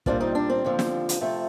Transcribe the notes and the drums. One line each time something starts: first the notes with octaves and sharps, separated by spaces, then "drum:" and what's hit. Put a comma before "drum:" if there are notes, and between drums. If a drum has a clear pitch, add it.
A#2 G3 C4 D4 F4, drum: kick
C4 D#4
D4
C4
D#2 D3 F3
drum: snare
drum: hi-hat
C3 F3 A3 C4